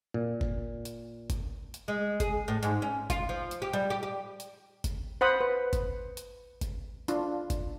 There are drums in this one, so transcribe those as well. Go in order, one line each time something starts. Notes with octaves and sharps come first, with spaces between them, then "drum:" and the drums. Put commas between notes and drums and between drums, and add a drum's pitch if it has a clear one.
A#2
drum: kick G1
drum: hi-hat
drum: kick G1, hi-hat
drum: hi-hat
G#3
G#4, drum: kick G1, hi-hat
A2
G#2, drum: hi-hat
C#4
F4, drum: kick G1, hi-hat
F3
drum: hi-hat
G4
G3
G4
G4
drum: hi-hat
drum: kick G1, hi-hat
C5 F#5 B5 D#6
B4
drum: kick G1, hi-hat
drum: hi-hat
drum: kick G1, hi-hat
D4 F4, drum: hi-hat
drum: kick G1, hi-hat